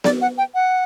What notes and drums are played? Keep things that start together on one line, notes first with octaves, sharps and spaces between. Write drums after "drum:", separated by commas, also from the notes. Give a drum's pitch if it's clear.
D5, drum: snare B3
F#5
G5
F#5